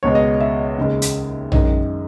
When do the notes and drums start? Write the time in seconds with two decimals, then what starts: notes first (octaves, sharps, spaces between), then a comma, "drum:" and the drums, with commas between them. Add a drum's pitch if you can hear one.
0.03 C#2 B2 G#3 C#5
0.15 D#5
0.40 E5
0.78 D#2 C#3 G#3
1.02 drum: hi-hat
1.52 F#2 D#3 G#3 C#4 D#5, drum: tom A#1